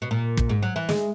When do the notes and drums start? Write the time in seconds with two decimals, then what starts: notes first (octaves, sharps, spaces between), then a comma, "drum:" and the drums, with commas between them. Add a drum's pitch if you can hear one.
0.02 B2
0.11 A#2
0.37 drum: kick
0.49 G#2
0.63 F#3
0.76 E3
0.89 G#3, drum: snare